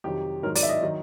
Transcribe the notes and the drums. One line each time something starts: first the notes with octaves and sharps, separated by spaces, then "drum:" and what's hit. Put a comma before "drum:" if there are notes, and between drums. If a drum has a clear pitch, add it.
F2 C3 D#3 F#3 G4
G#2 D#3 F#3 A#4
D5, drum: open hi-hat
E5
D#5
D#3 F#3